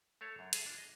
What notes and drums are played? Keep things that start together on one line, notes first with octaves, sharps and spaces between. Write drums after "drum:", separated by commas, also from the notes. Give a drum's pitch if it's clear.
A3 A4 C#5 F5
F#2 D4
G#4 A4 E5 F5, drum: hi-hat
D4 F4
D#5